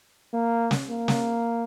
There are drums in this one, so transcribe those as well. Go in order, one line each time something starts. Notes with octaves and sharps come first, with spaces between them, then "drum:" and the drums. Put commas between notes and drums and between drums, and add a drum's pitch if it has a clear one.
A#3
drum: snare
A#3
drum: snare